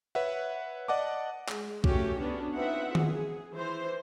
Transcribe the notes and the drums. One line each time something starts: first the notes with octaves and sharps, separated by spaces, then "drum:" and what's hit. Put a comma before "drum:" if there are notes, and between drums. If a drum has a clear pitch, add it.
B4 C#5 E5 F#5
D5 D#5 F#5 A5 D6
G#3, drum: clap
A3 C#4 F#4 G4, drum: kick B1
B3 C#4 D4 F#4
C4 D#4 F4 B4 E5 F#5
G#4, drum: tom D#3
E3 C5